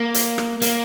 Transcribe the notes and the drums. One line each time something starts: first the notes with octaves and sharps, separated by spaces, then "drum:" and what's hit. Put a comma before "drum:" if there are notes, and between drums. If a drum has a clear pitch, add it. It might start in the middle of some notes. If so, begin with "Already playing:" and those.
Already playing: A#3
drum: hi-hat
drum: rim click
A#3, drum: hi-hat